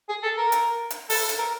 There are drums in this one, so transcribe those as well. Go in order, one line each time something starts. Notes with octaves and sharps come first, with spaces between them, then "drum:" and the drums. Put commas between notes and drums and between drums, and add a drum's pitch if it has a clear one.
G#4
A4
A#4
drum: hi-hat
drum: hi-hat
A4, drum: open hi-hat
drum: hi-hat
A#4